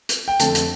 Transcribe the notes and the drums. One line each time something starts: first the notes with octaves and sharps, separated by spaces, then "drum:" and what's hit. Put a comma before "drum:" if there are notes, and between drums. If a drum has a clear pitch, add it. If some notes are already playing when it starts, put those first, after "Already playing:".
drum: hi-hat
G5
F2 D3 A3 A5, drum: hi-hat
drum: hi-hat